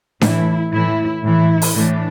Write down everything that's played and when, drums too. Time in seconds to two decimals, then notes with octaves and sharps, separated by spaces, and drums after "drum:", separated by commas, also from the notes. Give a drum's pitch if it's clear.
0.21 A2 E3 E4, drum: snare D4
0.73 A2 E3 E4
1.24 A2 E3 E4
1.62 drum: open hi-hat
1.75 A2 E3 D4